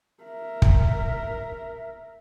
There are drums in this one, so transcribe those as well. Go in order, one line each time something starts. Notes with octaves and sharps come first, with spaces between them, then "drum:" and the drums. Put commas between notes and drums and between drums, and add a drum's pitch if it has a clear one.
A#4 E5
drum: kick